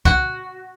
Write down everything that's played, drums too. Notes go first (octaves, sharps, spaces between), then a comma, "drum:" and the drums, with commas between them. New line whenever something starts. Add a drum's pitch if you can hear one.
F#4, drum: kick